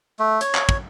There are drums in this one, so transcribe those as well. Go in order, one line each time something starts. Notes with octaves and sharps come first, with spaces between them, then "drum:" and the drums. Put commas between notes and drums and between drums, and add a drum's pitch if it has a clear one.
A3
C#5, drum: hi-hat
drum: clap
drum: kick